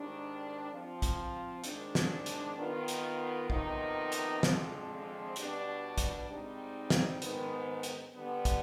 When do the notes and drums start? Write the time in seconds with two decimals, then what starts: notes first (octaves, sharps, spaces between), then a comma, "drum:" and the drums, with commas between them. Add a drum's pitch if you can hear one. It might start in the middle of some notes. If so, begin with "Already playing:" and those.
Already playing: G#2 D#3 G3 D4
0.72 F3 C4 F4
1.02 drum: kick, hi-hat
1.64 G#2 D#3 G#3 D4, drum: hi-hat
1.95 drum: snare
2.26 drum: hi-hat
2.57 D#3 B3 F4
2.88 drum: hi-hat
3.50 F2 C3 D#3 B3 D#4, drum: kick
4.12 drum: hi-hat
4.43 F2 D3 F3 G#3 C4, drum: snare
5.36 B2 G3 D4, drum: hi-hat
5.98 drum: kick, hi-hat
6.29 G#2 G3 C4 D#4
6.90 drum: snare
7.22 G#2 D#3 B3, drum: hi-hat
7.83 drum: hi-hat
8.15 D3 G3 B3
8.45 drum: kick, hi-hat